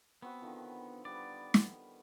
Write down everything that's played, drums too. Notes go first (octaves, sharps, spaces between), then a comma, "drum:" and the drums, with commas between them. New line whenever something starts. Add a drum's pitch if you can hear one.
B3 C4 F#4 B4
D3 D#3 F3
G3 B3 D5
drum: snare